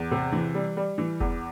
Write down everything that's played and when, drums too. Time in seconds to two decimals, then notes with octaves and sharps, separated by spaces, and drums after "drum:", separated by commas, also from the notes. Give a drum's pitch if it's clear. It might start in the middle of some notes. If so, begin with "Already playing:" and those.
Already playing: E2
0.11 C3
0.32 E3
0.55 G3
0.77 G3
0.98 E3
1.20 E2, drum: kick F1